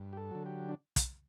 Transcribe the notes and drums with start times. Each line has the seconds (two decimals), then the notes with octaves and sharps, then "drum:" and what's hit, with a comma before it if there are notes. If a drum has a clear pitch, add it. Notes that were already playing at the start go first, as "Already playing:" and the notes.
Already playing: G2
0.13 G4
0.17 A4
0.31 D3 F#3
0.46 G4
0.69 D4
0.96 drum: kick, hi-hat